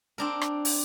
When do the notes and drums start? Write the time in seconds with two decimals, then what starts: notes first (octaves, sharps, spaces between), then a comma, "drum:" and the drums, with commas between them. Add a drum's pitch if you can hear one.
0.18 C4 D4 A#4
0.41 drum: rim click
0.65 drum: open hi-hat